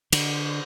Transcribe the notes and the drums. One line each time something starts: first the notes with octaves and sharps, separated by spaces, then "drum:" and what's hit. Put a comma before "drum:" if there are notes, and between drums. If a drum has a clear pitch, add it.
D3, drum: cymbal